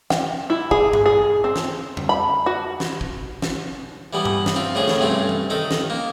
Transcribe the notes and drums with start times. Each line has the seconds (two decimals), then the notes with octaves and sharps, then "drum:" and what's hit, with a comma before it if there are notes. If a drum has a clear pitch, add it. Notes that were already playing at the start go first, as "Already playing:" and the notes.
0.10 G5, drum: snare
0.50 E4
0.71 G#4, drum: kick
0.93 drum: tom G2
1.06 G#4
1.44 C4
1.56 drum: snare
1.97 drum: tom
2.09 B5
2.46 F#4
2.80 drum: snare
3.01 drum: kick
3.42 drum: snare
4.13 E3 G3 B3
4.25 drum: tom G2
4.46 drum: snare
4.56 C4 F4
4.75 A2 D3 D4 G#4
4.88 drum: snare
4.99 G2 C3 A3 C4 C#4
5.29 drum: tom E3
5.50 D#3 D#4 A4
5.71 drum: snare
5.90 A#3